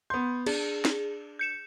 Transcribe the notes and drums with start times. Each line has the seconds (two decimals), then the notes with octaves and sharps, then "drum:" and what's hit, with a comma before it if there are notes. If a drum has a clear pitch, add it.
0.10 B3 C6 G6
0.46 D4 G#4, drum: cymbal
0.85 drum: snare
1.39 G6 C#7 E7